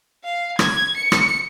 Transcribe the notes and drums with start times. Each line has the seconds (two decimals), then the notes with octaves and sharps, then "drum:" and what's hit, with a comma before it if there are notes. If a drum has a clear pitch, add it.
0.24 F5
0.59 G#6, drum: rim click
0.98 C#7
1.12 drum: rim click